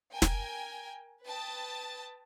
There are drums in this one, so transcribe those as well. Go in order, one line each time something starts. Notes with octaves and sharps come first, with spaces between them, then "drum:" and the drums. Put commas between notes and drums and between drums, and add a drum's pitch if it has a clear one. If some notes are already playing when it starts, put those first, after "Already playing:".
A#4 G5 G#5
drum: snare
B4 G5 A5 D#6